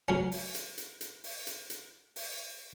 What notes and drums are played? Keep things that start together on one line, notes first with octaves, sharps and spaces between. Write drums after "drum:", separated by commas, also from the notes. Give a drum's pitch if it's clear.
F#3 C#4
drum: open hi-hat
drum: hi-hat
drum: hi-hat
drum: hi-hat
drum: open hi-hat
drum: hi-hat
drum: hi-hat
drum: open hi-hat